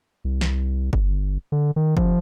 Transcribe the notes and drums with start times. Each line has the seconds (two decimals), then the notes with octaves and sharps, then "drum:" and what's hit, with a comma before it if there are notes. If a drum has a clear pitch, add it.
0.25 C2
0.41 drum: snare
0.93 G1, drum: kick F#1
1.52 D3
1.76 D#3
1.97 F3, drum: kick F#1